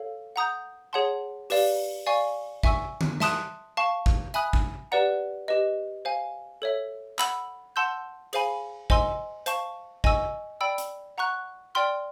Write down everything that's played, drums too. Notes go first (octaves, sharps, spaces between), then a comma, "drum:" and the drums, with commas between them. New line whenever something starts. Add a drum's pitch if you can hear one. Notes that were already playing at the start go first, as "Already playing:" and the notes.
Already playing: A4 C#5 F5
F#5 A#5 D#6 G6
G#4 C#5 F#5 A5 C6
G4 B4 D5 F5, drum: open hi-hat
D5 F5 G#5 C#6
E5 G#5 C#6 E6, drum: kick
drum: tom D3
E5 A5 C6 D#6 F#6, drum: snare
F5 A5 C#6
drum: kick
E5 G#5 B5 D#6 F#6, drum: hi-hat
drum: kick
G4 B4 D5 F#5 A#5
G4 B4 D#5
C5 F5 G#5
A4 C#5 E5
F#5 B5 E6, drum: clap
F#5 A5 C6 E6 G6
G#4 C5 F5 G#5 B5, drum: cymbal
C5 D#5 G#5 C6 E6, drum: kick
C5 F5 A5 C#6, drum: hi-hat
D#5 G#5 C#6 E6, drum: kick
D5 G5 B5 E6
drum: hi-hat
F#5 A#5 C#6 F#6
D5 G5 C6 F6